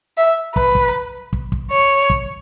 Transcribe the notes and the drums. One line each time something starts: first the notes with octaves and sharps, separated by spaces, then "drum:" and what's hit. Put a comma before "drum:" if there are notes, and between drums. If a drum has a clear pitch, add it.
E5
B4, drum: kick
drum: kick
drum: kick
drum: kick
C#5
drum: kick